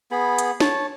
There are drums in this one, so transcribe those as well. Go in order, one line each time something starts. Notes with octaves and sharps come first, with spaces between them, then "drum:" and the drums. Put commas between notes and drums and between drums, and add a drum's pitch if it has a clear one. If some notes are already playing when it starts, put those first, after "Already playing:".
B3 G#4 B5
drum: hi-hat
C#5 A5, drum: snare